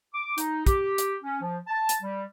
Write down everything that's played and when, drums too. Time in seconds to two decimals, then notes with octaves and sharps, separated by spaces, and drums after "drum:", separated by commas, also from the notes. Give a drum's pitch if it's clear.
0.14 D6
0.38 D#4, drum: hi-hat
0.66 G4, drum: kick, hi-hat
0.98 drum: hi-hat
1.23 C#4
1.41 F3
1.68 A5
1.89 drum: hi-hat
2.02 G3